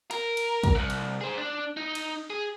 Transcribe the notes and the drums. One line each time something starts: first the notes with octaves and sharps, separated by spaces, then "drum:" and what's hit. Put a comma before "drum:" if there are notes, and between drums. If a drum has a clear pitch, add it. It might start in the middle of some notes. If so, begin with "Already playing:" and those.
A#4, drum: cymbal
drum: cymbal
drum: kick, cymbal
C2 G#2
drum: cymbal
G#4 C5
D4
D#4
drum: cymbal
G#4